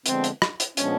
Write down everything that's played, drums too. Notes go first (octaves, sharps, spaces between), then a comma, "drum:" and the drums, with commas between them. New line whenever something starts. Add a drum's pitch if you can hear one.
D3 F3 G#3 B3 C4, drum: hi-hat
drum: hi-hat
drum: rim click
drum: hi-hat
A#2 F3 G#3 B3 C#4 D4, drum: hi-hat